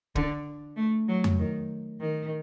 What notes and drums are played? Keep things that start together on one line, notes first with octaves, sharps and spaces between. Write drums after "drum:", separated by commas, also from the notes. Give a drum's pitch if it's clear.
D3, drum: kick
A3
F#3
drum: tom F2
D#3
D#3